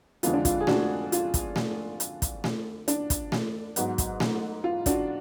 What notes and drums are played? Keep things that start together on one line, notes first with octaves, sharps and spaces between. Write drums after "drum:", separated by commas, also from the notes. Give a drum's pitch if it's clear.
F2 D3 F3 G#3 B3 F4, drum: hi-hat
D4
F4, drum: kick, hi-hat
G#4
D4 F#4, drum: snare A3
F4, drum: hi-hat
drum: kick, hi-hat
drum: snare A3
drum: hi-hat
drum: kick, hi-hat
drum: snare A3
D4, drum: hi-hat
drum: kick, hi-hat
drum: snare A3
G#2 F#3 B3, drum: hi-hat
drum: kick, hi-hat
drum: snare A3
F4
D4 F#4, drum: kick, hi-hat